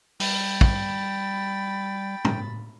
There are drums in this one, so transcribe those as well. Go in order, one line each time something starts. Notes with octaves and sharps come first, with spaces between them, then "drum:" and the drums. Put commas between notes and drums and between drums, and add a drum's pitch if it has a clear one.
G3 G5 B5 A6, drum: open hi-hat
drum: kick
drum: tom